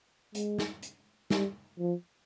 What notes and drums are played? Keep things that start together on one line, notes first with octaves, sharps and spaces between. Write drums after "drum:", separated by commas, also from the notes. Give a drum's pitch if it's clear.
G#3, drum: hi-hat
drum: snare
drum: hi-hat
G3, drum: snare
F3